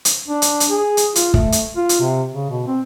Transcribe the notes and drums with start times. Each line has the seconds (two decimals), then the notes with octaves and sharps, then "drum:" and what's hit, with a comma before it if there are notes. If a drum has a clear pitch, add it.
0.05 drum: hi-hat
0.28 D4
0.42 drum: hi-hat
0.60 drum: hi-hat
0.70 G#4
0.97 drum: hi-hat
1.15 F4, drum: hi-hat
1.34 A3, drum: kick
1.52 drum: hi-hat
1.76 F4
1.89 drum: hi-hat
2.00 C3
2.33 C#3
2.50 B2
2.67 C4